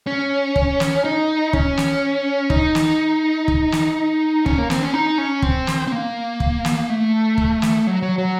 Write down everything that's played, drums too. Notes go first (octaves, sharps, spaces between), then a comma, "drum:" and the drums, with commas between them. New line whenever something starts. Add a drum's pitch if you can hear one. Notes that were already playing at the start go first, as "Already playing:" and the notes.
C#4
drum: kick
drum: snare
D#4
C#4, drum: kick
drum: snare
D#4, drum: kick
drum: snare
drum: kick
drum: snare
C#4, drum: kick
A#3
C4, drum: snare
C#4
D#4
C#4
C4, drum: kick
drum: snare
C4
A#3
drum: kick
drum: snare
A3
drum: kick
drum: snare
F#3
F#3
F#3